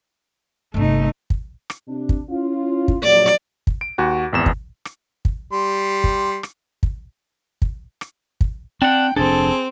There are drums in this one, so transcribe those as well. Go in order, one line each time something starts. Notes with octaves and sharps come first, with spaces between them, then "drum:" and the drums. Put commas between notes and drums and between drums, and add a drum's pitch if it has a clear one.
G1 C3 A3 D#4
drum: kick
drum: rim click
C3 D4
drum: kick
C#4 E4 F4
drum: kick
A#1 F#3 D5
drum: rim click
drum: kick
D7
D#2 F#4 F#5
G#1 E2 E7
drum: kick
drum: rim click
drum: kick
G3 C6
drum: kick
drum: rim click
drum: kick
drum: kick
drum: rim click
drum: kick
C4 D4 F#5 G5
F1 C4 D4 G#4 A4